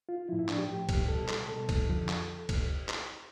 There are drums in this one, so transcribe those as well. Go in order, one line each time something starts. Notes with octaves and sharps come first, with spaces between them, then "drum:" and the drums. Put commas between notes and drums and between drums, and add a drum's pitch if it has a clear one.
F4
A2 F3 E4
E4
D4, drum: clap
G4
A2 F3 G4
drum: kick, cymbal
B2 G3 A4
drum: clap
B2 G3 A4
drum: kick, cymbal
F2 D3 F3
drum: clap
drum: kick, cymbal
drum: clap